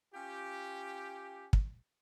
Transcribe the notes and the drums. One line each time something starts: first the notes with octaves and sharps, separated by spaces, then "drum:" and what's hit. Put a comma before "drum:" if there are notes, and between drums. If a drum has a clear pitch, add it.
C#4 F4 G4
drum: kick